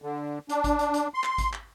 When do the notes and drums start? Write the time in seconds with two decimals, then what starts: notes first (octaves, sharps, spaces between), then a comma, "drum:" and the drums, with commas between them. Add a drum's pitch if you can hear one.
0.02 D3
0.49 D4, drum: hi-hat
0.64 drum: kick G#1, hi-hat
0.79 drum: hi-hat
0.94 drum: hi-hat
1.14 C6
1.24 drum: clap
1.38 drum: kick G#1, hi-hat
1.53 drum: clap